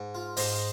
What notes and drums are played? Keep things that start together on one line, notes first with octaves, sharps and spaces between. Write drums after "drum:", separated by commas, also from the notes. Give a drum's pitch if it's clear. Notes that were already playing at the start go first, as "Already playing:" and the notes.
Already playing: G#2
F4
G#2 C5 D#5, drum: open hi-hat